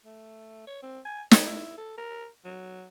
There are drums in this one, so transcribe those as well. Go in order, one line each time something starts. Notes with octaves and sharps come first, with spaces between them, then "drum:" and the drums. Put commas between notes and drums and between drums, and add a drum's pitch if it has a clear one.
A3
C#5
C4
G#5
C#5, drum: snare
E4
A4
A#4
F#3